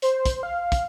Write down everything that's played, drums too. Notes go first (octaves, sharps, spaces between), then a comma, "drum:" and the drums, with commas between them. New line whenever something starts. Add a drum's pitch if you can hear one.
C5, drum: hi-hat
drum: kick, hi-hat
F5
drum: kick, hi-hat